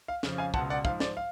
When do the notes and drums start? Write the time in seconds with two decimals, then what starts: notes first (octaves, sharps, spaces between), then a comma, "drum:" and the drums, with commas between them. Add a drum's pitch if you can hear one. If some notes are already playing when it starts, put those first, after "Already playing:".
0.08 F5
0.23 F2 C#3 F3, drum: snare
0.38 F5 G#5
0.54 C#2 B2 F#5 A5, drum: kick
0.70 D5 F#5
0.85 G#2 F3 F5, drum: kick
1.00 D5, drum: snare
1.17 F5